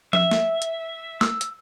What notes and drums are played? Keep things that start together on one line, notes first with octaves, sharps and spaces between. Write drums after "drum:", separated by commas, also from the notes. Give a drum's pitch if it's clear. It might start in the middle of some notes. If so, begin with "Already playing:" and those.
E5, drum: tom F3
drum: snare
drum: hi-hat
E6, drum: snare
drum: hi-hat